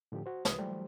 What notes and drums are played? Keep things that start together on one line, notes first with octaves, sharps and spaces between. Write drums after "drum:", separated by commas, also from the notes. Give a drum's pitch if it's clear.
A2 D3 F3 G4
F#4 C5
C2 B4 D#6, drum: snare
E3 F#3 G3 A3 G4 C5